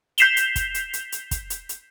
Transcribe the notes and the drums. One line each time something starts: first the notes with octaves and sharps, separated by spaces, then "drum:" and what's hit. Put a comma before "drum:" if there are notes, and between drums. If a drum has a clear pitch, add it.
G6 B6 C7 E7 F7 G7, drum: hi-hat
drum: hi-hat
drum: kick, hi-hat
drum: hi-hat
drum: hi-hat
drum: hi-hat
drum: kick, hi-hat
drum: hi-hat
drum: hi-hat